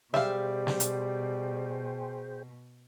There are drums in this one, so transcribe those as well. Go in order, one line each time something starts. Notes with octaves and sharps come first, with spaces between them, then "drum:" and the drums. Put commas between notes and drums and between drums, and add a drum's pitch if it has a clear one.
B2 G3 G#4 C5 E5 F5 G5, drum: snare
drum: snare
drum: hi-hat